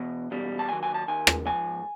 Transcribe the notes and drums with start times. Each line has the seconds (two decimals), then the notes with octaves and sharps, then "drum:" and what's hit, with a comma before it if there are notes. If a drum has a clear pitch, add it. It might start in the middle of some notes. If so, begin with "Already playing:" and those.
Already playing: E2 B2
0.31 E2 B2 G3
0.59 A5
0.69 D#2 D#3 F#3 G#5
0.83 G#5
0.94 A5
1.08 D#2 D#3 G#5
1.27 drum: rim click
1.46 G#2 F3 G#5